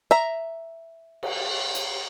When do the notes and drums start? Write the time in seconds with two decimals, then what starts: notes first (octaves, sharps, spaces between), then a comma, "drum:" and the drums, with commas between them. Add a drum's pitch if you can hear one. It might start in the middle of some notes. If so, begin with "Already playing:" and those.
0.11 E5 A#5
1.23 drum: cymbal
1.75 drum: hi-hat